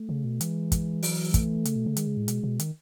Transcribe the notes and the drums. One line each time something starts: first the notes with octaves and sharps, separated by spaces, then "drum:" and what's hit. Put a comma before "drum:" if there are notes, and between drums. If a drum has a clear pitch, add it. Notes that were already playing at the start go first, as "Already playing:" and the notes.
Already playing: A3
C#3
B2
E3 G#3, drum: hi-hat
drum: kick, hi-hat
F#3, drum: open hi-hat
A3, drum: kick, hi-hat
C#3, drum: hi-hat
B2
C#3
D#3 G#3, drum: hi-hat
C#3
A2
B2, drum: hi-hat
B2
D#3, drum: hi-hat